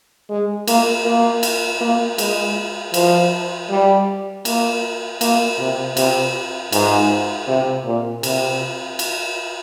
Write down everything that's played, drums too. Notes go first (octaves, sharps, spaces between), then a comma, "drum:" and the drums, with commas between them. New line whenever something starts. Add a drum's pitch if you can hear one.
G#3
A#3, drum: cymbal
A#3
drum: cymbal
A#3
G#3, drum: cymbal
F3, drum: cymbal
G3
A#3, drum: cymbal
A#3, drum: cymbal
C3
C3, drum: cymbal
G#2, drum: cymbal
C3
A#2
C3, drum: cymbal
drum: cymbal